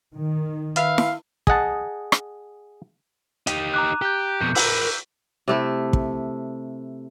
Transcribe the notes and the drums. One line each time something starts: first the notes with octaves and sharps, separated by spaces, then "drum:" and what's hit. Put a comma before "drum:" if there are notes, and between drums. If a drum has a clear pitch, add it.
D#3
B4 E5 F5, drum: hi-hat
drum: snare
G#4 D#5 F#5 A5, drum: kick
drum: rim click
D#4 G4 D#7 F7, drum: hi-hat
A#5 D6 F#6
G4 F#6 G6
F2 B2 G6 C#7
A#4 B5 E6, drum: open hi-hat
C3 A3 E4
drum: kick